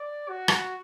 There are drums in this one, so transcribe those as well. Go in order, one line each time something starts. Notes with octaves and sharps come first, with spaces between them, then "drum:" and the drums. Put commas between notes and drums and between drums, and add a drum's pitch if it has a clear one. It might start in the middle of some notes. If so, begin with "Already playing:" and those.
Already playing: D5
F#4
drum: rim click